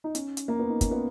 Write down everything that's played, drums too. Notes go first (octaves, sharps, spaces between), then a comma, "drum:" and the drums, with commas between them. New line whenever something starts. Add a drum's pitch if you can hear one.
D#4
C#4, drum: hi-hat
drum: hi-hat
A#3
B3
D#4
C#4, drum: kick, hi-hat
B3